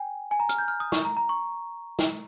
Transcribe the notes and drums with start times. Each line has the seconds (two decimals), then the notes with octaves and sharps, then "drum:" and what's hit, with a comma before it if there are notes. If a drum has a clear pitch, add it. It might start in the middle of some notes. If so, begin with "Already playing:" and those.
Already playing: G5 G#5
0.31 G#5
0.40 A#5
0.49 F6, drum: hi-hat
0.58 G6
0.68 F6
0.80 D#6
0.92 C#6, drum: snare
1.05 A#5
1.17 A#5
1.29 C#6
1.99 drum: snare